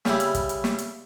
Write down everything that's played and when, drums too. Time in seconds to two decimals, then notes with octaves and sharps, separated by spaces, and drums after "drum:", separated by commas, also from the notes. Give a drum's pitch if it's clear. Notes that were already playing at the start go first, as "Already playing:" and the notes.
0.05 C#3 G3 E4, drum: snare
0.20 drum: hi-hat
0.35 drum: kick, hi-hat
0.49 drum: hi-hat
0.64 drum: snare
0.78 drum: hi-hat